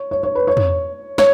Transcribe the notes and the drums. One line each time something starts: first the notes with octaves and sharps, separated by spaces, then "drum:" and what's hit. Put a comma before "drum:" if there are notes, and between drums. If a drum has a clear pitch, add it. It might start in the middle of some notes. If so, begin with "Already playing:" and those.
Already playing: C#5
C#5
C#5
B4
C#5
drum: tom
C#5, drum: snare